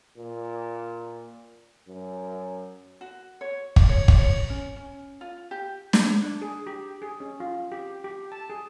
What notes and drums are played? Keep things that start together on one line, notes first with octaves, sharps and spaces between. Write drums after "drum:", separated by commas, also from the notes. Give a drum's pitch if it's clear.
A#2
F#2
F#4
C#5
drum: kick
C#5
drum: kick
C#5
C#4
C#4
F4
G4
D#4, drum: snare
D4
G#4
G4
G#4
C#4
F4
G4
G4
A5
G#4